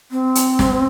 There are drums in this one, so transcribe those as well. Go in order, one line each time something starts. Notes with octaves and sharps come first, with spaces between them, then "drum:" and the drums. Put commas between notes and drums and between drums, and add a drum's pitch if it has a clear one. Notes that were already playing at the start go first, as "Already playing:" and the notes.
C4
drum: hi-hat
drum: snare